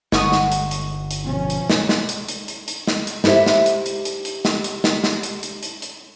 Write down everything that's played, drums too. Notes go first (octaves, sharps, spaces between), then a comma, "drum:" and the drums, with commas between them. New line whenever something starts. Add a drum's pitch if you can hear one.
G1 F#5 C#6 D#6, drum: snare
drum: snare
drum: hi-hat
drum: hi-hat
drum: hi-hat
B2 F3 C#4
drum: hi-hat
drum: snare
drum: snare
drum: hi-hat
drum: hi-hat
drum: hi-hat
drum: hi-hat
drum: snare
drum: hi-hat
E4 G4 A4 C5 E5, drum: snare
drum: snare
drum: hi-hat
drum: hi-hat
drum: hi-hat
drum: hi-hat
drum: snare
drum: hi-hat
drum: snare
drum: snare
drum: hi-hat
drum: hi-hat
drum: hi-hat
drum: hi-hat